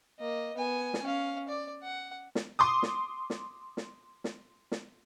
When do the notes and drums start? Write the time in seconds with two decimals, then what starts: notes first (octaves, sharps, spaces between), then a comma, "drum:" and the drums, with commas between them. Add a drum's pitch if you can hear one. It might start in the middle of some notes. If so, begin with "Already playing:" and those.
0.19 A#3 D#5
0.56 B3 G#5
0.94 drum: snare
1.03 C#4 F5
1.48 D5
1.83 F#5
2.35 drum: snare
2.59 C6 D6 D#6
2.83 drum: snare
3.30 drum: snare
3.77 drum: snare
4.24 drum: snare
4.72 drum: snare